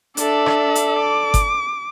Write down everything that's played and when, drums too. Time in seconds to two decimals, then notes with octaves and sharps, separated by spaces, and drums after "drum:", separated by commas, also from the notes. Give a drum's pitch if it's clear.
0.17 D4 A4 D5 E5, drum: hi-hat
0.46 drum: rim click
0.75 drum: hi-hat
0.99 D6
1.34 drum: kick G1, hi-hat